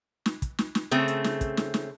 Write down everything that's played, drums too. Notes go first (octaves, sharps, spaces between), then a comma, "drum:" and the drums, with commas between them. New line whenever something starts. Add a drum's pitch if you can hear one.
drum: snare
drum: kick, hi-hat
drum: snare
drum: snare
C#3 A3 C4, drum: hi-hat
drum: hi-hat
drum: snare
drum: kick, hi-hat
drum: snare
drum: snare